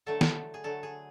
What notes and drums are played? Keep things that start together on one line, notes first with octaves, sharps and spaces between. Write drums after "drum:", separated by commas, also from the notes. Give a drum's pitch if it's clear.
D3 F#3 A3 A4
drum: snare
G#4
D3 F#3 A3 A4
G#4